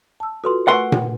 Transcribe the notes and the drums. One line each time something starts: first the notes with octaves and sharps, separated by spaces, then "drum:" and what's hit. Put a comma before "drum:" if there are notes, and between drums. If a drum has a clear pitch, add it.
A5 E6
F4 F#4 A4 B4 C6
A3 A#4 B4 F#5 G#5 C6 C#6
drum: tom A#2